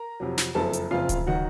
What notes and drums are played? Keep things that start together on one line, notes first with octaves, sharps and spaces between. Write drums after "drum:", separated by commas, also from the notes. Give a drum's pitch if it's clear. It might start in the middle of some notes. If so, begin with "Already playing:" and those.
Already playing: A#4 A#5
F2 C3 F#3
drum: snare
F#1 F2 C#3 A4 A5
drum: hi-hat
F#1 F2 C#3 F4 F5
drum: kick D1, hi-hat
D#3 F#3 F#4 F#5